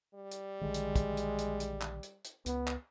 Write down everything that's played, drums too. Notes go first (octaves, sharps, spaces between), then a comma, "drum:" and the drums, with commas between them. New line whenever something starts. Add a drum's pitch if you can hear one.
G3
drum: hi-hat
A#1 D3 D#3 G#3
drum: hi-hat
drum: kick, hi-hat
drum: hi-hat
drum: hi-hat
drum: hi-hat
drum: clap
drum: hi-hat
drum: hi-hat
C#2 B3, drum: hi-hat
drum: clap